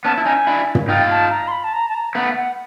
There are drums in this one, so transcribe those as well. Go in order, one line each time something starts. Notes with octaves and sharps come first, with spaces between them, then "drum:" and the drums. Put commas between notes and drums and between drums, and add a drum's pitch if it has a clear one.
B3 C#4 A5
E4
C#4 D#4 G#5
D4 E4
drum: tom
D#4 F4 G5
A5
A#5
C6
B5
A5
A#5
A5
A#5
A3 B3 F#5
F#5